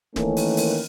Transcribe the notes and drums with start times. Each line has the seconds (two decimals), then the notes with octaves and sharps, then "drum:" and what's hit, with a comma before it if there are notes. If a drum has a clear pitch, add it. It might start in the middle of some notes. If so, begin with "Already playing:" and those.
0.16 D#3 E3 A3 A#3 C#4, drum: snare D1
0.37 drum: open hi-hat
0.57 drum: open hi-hat